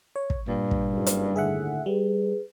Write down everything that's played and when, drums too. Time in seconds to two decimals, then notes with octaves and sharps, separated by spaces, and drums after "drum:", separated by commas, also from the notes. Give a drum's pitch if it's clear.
0.16 C#5
0.30 drum: kick
0.48 G2 A#2
0.71 drum: kick
0.89 F#1
1.07 drum: hi-hat
1.36 D#2 A2 D3 G#4 E5 F#5
1.86 G3 G#4 B4